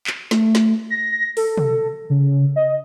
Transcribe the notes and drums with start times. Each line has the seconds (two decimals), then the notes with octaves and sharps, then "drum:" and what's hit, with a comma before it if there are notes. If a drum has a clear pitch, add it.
0.07 drum: clap
0.31 A3, drum: snare
0.55 drum: snare
0.90 A#6
1.37 A4, drum: open hi-hat
1.57 drum: tom
2.10 C#3
2.56 D#5